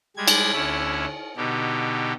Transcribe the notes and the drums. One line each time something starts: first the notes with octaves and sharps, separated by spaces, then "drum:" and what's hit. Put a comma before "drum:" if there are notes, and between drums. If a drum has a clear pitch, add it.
G3 G#3 G#6
drum: cymbal
D2 C#4 E4
B2 D3 D#4 G4